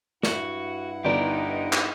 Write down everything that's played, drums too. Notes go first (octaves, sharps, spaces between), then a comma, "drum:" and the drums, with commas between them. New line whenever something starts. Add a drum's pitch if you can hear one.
G2 E4 F#4 F#5, drum: snare
G1 D#4 G4 A#4 D5
drum: clap